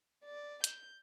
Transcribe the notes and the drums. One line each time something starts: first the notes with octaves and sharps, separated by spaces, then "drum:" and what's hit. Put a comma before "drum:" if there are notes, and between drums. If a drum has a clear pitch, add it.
D5
G6, drum: hi-hat